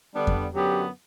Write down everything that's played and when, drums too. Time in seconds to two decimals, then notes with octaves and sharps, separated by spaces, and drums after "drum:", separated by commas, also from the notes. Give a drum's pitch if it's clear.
0.13 D3 G3 B3 D4
0.27 drum: kick F2
0.55 F#2 D3 F#3 B3 G4